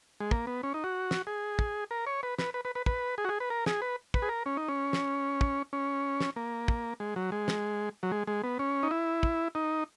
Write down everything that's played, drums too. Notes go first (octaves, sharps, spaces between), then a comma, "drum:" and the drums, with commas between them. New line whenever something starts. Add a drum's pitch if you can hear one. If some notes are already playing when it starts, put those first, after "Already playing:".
G#3
A#3, drum: kick
B3
C#4
D#4
F#4
drum: snare
G#4
drum: kick
A#4
C#5
B4
B4, drum: snare
B4
B4
B4
B4, drum: kick
G#4
F#4
G#4
B4
A#4
G#4, drum: snare
B4
B4, drum: kick
G#4
A#4
C#4
D#4
C#4
drum: snare
drum: kick
C#4
drum: snare
A#3
drum: kick
G#3
F#3
G#3
drum: snare
F#3
G#3
G#3
B3
C#4
D#4
E4
drum: kick
D#4